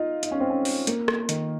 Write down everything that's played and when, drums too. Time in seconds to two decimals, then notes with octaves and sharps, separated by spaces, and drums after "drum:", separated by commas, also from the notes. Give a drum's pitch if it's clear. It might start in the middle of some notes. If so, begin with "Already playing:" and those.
Already playing: D#4 F4
0.23 D#4, drum: hi-hat
0.31 C#4
0.41 C4
0.50 C#4
0.65 drum: open hi-hat
0.87 A#3, drum: hi-hat
1.08 drum: rim click
1.29 D#3, drum: hi-hat